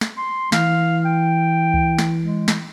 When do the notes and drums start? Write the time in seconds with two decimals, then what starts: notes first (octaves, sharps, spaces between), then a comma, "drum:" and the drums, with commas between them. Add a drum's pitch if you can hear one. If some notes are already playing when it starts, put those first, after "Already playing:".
0.01 drum: snare
0.17 C6
0.52 E3 F5, drum: snare
1.05 G5
1.74 drum: kick C#2
1.99 drum: snare
2.23 G#3
2.48 drum: snare